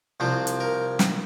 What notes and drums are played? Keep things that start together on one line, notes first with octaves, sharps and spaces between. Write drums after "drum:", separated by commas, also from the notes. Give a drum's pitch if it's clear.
C2 C3 F3 C4 C5
drum: hi-hat
A#4
drum: snare